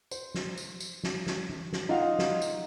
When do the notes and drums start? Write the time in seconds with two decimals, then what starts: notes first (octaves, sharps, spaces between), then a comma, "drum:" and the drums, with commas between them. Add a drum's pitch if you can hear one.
0.11 C5, drum: tambourine
0.34 drum: snare
0.57 drum: tambourine
0.80 drum: tambourine
1.04 drum: snare
1.27 drum: snare
1.50 drum: tom
1.73 drum: snare
1.89 D#4 F4 D#5 F5 F#5
2.19 drum: snare
2.42 drum: tambourine